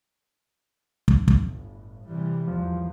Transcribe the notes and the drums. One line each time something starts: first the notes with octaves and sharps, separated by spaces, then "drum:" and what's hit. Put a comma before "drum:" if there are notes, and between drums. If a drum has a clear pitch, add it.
drum: kick
G1 A2, drum: kick
C3 E3 G3
G#1 E2 F3